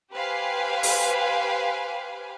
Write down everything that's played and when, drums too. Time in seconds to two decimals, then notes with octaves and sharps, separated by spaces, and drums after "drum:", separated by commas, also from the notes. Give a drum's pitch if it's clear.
0.11 G4 B4 C5 F5 G#5
0.83 drum: open hi-hat